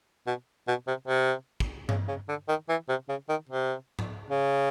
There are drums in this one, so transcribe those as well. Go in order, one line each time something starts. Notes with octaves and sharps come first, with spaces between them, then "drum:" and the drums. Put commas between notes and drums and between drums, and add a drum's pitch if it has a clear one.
B2
B2
C3
C3
drum: kick
C#3, drum: tom G2
C#3
D3
D#3
E3
C3
C#3
D#3
C3
drum: tom G#2
C#3